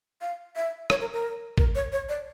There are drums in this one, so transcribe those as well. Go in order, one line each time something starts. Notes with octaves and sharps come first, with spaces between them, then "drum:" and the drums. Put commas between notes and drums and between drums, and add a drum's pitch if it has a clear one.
F5
E5
C#5, drum: rim click
A#4
A#4
A#4, drum: kick
C#5
C#5
D5